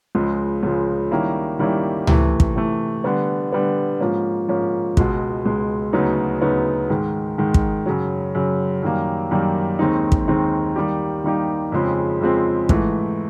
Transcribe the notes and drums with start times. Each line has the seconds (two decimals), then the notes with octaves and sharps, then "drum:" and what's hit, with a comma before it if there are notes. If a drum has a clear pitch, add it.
0.15 C#2 C#3 F3 G#3
0.63 C#2 C#3 F3 G#3
1.11 D#3 G3 A#3 C#4 E4
1.59 D#3 G3 A#3 C#4 E4
2.07 C3 E3 A3, drum: tom C#2
2.40 drum: kick
2.56 C3 E3 A3
3.04 D3 G3 B3
3.52 D3 G3 B3
4.00 G#2 F3 A#3 C#4
4.48 G#2 F3 A#3 C#4
4.97 C#2 B2 G#3, drum: kick
5.45 C#2 B2 G#3
5.93 D2 C#3 F#3 B3 D#4
6.42 D2 C#3 F#3 B3 D#4
6.90 G#2 D#3 G#3
7.38 G#2 D#3 G#3
7.54 drum: kick
7.86 F#2 C#3 F#3
8.35 F#2 C#3 F#3
8.83 F#2 D#3 G3 A#3
9.31 F#2 D#3 G3 A#3
9.79 D#2 D#3 G#3 C4 D#4
10.12 drum: kick
10.28 D#2 D#3 G#3 C4 D#4
10.76 D#3 G3 A#3 D#4 G4
11.24 D#3 G3 A#3 D#4 G4
11.72 F2 C#3 F3 G#3 C4
12.21 F2 C#3 F3 G#3 C4
12.69 G#2 E3 A3, drum: kick